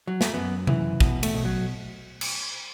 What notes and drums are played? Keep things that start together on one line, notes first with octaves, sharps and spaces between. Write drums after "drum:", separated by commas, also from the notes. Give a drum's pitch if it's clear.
F#3
A3, drum: snare
F#2 B3
E3, drum: tom C3
B2, drum: kick
A3, drum: cymbal
B2
F#3
drum: cymbal